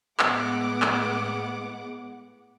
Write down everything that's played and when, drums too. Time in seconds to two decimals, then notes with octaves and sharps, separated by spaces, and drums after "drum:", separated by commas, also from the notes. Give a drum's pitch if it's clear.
0.19 A2 G#3 B3 F#5 D6, drum: clap
0.82 drum: clap